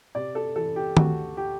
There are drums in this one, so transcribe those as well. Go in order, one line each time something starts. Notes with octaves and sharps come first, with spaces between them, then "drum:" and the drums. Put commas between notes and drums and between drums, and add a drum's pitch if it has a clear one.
C3 D5
A4
E3 A4
G4
D2 F#4, drum: tom D#3
G4